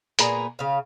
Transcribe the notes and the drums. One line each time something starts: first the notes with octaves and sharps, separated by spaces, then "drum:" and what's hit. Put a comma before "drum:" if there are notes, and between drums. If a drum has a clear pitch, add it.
A#2 B3 G#4 A#5, drum: hi-hat
C#3 F5